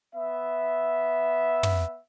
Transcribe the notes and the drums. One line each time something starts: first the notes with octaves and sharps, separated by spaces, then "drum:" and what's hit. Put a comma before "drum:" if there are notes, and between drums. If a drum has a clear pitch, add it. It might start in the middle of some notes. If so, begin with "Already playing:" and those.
B3 E5
drum: tom